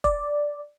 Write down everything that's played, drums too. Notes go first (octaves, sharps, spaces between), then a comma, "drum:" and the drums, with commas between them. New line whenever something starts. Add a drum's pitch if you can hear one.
D5, drum: kick E1